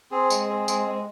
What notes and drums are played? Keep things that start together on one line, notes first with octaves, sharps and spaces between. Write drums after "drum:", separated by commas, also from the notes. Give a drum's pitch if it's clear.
C4 G#4
G#3, drum: tambourine
C4
G#3, drum: tambourine
G#3